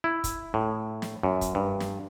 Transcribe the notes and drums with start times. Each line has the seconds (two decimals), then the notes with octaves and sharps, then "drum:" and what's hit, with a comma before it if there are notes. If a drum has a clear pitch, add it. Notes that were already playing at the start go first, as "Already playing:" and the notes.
0.04 E4
0.24 drum: kick, hi-hat
0.54 A2
1.02 drum: snare
1.23 F#2
1.41 drum: kick, hi-hat
1.55 G2
1.80 drum: snare